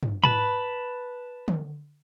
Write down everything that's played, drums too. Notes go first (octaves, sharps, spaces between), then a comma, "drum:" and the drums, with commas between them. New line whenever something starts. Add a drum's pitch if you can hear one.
drum: tom
B4 A5 B5, drum: tom
drum: tom